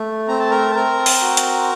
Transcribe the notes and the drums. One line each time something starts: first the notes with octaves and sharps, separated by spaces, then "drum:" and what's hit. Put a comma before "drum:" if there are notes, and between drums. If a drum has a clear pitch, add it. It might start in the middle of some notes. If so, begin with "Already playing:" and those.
Already playing: A3
C4 A#5
A5
A#4 A#5
A5
C4 A#4 A#5
drum: open hi-hat
F#4
drum: hi-hat